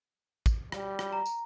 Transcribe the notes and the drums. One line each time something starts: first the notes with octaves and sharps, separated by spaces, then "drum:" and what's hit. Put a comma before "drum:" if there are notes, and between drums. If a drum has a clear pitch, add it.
drum: kick, tambourine
G3, drum: rim click
drum: rim click
A#5
drum: tambourine